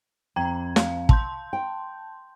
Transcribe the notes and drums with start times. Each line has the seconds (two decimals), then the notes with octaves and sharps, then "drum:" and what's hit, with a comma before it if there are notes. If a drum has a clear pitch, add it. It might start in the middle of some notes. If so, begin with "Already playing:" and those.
0.36 F2 G5 A#5 G#6
0.76 F5, drum: snare
1.09 A5 C6 G6, drum: kick
1.53 G5